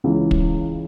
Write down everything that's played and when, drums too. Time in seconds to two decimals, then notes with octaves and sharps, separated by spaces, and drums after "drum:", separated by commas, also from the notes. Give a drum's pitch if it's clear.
0.04 C#2 C#3 E3
0.31 drum: kick